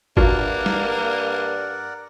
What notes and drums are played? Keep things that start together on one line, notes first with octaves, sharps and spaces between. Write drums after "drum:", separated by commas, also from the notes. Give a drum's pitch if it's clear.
G2 A#3 D4 F4 F#4 A#4 D5 F#5, drum: kick G1
drum: snare